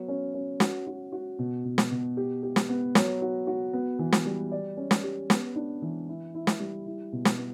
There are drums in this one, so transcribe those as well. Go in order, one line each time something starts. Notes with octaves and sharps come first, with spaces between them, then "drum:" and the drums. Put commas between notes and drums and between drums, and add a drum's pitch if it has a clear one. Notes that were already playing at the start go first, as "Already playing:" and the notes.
Already playing: F#3 B3
C#4
C#4
F#4, drum: snare
F#4
F#4
B2
B2
drum: snare
B2
G4
G4
drum: snare
B3
F#3, drum: snare
F#4
F#4
B3
E3
drum: snare
G3
D5
C#4
drum: snare
G4
B3, drum: snare
D4
E3
E4
E4
drum: snare
G3
E4
B2
drum: snare
B3